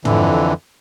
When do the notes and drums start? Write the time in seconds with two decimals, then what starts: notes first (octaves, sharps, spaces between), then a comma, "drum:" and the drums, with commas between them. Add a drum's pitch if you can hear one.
0.05 F2 D3 E3, drum: tom